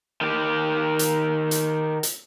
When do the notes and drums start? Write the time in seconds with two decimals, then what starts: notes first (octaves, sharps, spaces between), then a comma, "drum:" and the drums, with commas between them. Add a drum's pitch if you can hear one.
0.21 D#3 G4
0.99 drum: hi-hat
1.51 drum: hi-hat
2.03 drum: hi-hat